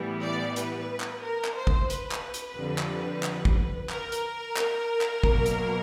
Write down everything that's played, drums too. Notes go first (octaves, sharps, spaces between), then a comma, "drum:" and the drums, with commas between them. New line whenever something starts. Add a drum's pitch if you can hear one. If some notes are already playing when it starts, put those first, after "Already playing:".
Already playing: A2 E3 G3 B3
D5
B4, drum: hi-hat
drum: clap
A#4
drum: clap
C5
drum: kick
B4, drum: hi-hat
drum: clap
drum: hi-hat
F2 D3 G3
drum: clap
drum: clap
drum: kick
A#4, drum: clap
drum: hi-hat
drum: clap
drum: clap
B2 F#3 A#3, drum: kick
drum: hi-hat